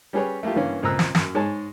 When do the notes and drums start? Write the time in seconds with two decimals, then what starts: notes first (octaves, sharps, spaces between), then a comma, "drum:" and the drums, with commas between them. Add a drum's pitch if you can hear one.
0.13 G3 C#4 G4 G#4 B4 C#5
0.43 A3 A#3 E4 F4 G4
0.56 G2 E3 A#3 C#4
0.83 C#2 A#2 C4 A#5 E6 F#6
0.99 drum: snare
1.15 F#2, drum: snare
1.34 G#2 G#3 G#4 C#5 A5